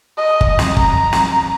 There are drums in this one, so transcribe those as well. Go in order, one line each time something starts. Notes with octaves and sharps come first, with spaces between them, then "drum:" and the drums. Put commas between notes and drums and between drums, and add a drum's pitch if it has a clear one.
D#5
drum: kick G1
drum: snare
A#5, drum: kick G1
drum: snare